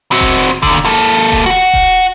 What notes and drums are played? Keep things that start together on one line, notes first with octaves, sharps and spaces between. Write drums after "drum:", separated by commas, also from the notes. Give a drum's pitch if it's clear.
C4 F#4
drum: kick E1, hi-hat
drum: hi-hat
drum: hi-hat
D#2 D3, drum: kick E1, hi-hat
A#3 A4
drum: hi-hat
drum: kick E1
F#4 F#5, drum: hi-hat
drum: hi-hat
drum: kick E1, hi-hat
drum: hi-hat